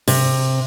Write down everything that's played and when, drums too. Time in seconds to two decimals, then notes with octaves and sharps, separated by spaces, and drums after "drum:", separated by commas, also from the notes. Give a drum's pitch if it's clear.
0.08 C3, drum: open hi-hat